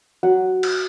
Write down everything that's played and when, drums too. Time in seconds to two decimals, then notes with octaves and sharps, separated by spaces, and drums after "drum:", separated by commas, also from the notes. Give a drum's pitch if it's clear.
0.23 F#3 F#5
0.63 drum: cymbal